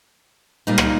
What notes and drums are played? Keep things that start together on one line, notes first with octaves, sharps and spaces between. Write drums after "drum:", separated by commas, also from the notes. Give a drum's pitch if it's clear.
A#2 G3 A#3 D#4
drum: rim click